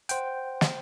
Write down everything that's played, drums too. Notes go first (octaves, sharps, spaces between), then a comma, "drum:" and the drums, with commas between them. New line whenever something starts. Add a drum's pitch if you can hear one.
C5 F#5 G5, drum: hi-hat
drum: snare